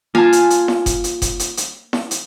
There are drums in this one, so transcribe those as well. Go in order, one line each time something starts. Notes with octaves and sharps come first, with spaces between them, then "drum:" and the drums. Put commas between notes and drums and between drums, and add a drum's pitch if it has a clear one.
A#3 F4 F5 G#5 A5
drum: hi-hat
drum: hi-hat
drum: snare E4
drum: kick F1, hi-hat
drum: hi-hat
drum: kick F1, hi-hat
drum: hi-hat
drum: hi-hat
drum: snare E4
drum: hi-hat